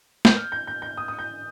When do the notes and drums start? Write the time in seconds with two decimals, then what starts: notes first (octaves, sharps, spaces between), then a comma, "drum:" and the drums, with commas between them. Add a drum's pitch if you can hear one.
0.25 G6, drum: snare
0.36 F6
0.52 G6
0.67 G6
0.82 G6
0.97 D#6
1.08 D#6
1.19 G6